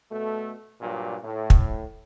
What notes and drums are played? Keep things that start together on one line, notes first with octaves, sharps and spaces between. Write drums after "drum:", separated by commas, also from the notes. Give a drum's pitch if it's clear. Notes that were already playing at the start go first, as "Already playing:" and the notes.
B2 A3
G2 A#2 F#3
A2
drum: kick